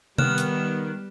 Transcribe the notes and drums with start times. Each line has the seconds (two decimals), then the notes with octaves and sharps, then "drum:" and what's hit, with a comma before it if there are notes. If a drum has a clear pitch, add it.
0.18 D#3 G3 B3 F6 F#6 E7, drum: tom C3
0.38 drum: hi-hat